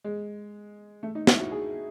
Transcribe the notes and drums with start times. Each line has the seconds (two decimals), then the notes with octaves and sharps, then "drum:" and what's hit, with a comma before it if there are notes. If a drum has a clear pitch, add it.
0.04 G#3
1.03 A3
1.15 D#4
1.27 E4, drum: snare
1.40 F#4
1.51 G#4